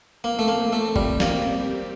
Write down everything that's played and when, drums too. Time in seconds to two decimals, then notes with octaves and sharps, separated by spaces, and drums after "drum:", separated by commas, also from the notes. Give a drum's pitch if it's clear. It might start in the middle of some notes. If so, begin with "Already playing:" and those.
0.23 A2 F3 A#3 C4
0.39 A3
0.48 A#3
0.72 A3
0.96 G3, drum: kick
1.20 G3 A#3 C4 G4, drum: snare